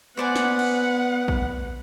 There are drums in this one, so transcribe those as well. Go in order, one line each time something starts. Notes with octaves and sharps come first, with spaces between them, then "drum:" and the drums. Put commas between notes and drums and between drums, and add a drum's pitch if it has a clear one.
B3 B4 C5 D5 F#5 G#5
drum: snare
drum: cymbal
drum: kick A#1